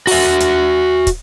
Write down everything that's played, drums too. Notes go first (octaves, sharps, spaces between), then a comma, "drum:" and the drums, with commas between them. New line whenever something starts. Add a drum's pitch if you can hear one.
F#4 E5, drum: open hi-hat
drum: hi-hat
drum: kick, hi-hat